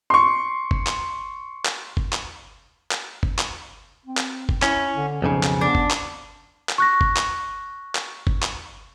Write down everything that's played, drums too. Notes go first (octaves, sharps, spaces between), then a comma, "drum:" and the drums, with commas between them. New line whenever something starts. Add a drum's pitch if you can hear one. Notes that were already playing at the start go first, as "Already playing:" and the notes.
C6 C#6
drum: kick G1
drum: clap
drum: clap
drum: kick G1
drum: clap
drum: clap
drum: kick G1
drum: clap
C4
drum: clap
drum: kick G1
C#4 E4, drum: clap
D3
B1 F2 C#3 D#4
drum: clap
B3 D4
drum: kick G1
drum: clap
drum: clap
C#6 F#6 A#6
drum: kick G1
drum: clap
drum: clap
drum: kick G1
drum: clap